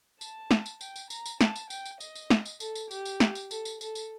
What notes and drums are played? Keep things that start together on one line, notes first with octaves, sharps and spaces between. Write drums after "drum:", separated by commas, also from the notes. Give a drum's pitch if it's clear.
A5, drum: tambourine
drum: snare
drum: tambourine
G5, drum: tambourine
drum: tambourine
A#5, drum: tambourine
drum: tambourine
A5, drum: snare
drum: tambourine
G5, drum: tambourine
drum: tambourine
D#5, drum: tambourine
drum: tambourine
drum: snare
drum: tambourine
A4, drum: tambourine
drum: tambourine
G4, drum: tambourine
drum: tambourine
drum: snare
drum: tambourine
A4, drum: tambourine
drum: tambourine
A4, drum: tambourine
drum: tambourine